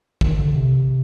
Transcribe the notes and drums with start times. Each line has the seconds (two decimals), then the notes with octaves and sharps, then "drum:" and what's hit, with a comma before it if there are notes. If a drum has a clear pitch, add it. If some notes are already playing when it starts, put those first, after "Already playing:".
0.21 D#3, drum: kick
0.39 D3
0.55 C3